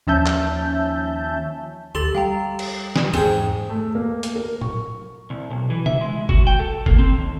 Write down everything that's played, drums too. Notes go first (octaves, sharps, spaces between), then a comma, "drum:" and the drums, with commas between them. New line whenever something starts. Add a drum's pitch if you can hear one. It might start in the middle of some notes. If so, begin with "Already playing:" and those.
D#2 F3 C#4 E5 A5 G6
drum: clap
D2 G4 A4 C6 A6
G3 F5 G5 A#5
drum: cymbal
drum: snare
E2 G#2 C4 G#4
A3
A#3
drum: hi-hat
A#4
C#6, drum: tom
C2
B1
E3
E5, drum: tom C3
G#3
F#4, drum: kick F#1
G5
A4
A#3, drum: kick F#1
C4
D#2